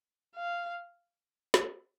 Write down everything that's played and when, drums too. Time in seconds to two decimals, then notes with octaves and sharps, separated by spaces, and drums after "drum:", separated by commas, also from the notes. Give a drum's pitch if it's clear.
0.36 F5
1.54 drum: snare